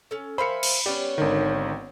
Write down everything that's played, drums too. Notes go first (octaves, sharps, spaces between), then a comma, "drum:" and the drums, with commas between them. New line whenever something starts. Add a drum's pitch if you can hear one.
C#4 A4
A#4 C5 E5 F5 G#5 B5 C#7
drum: cymbal
B3 C#4 G4 C#5 D5
G#1 D3 D#3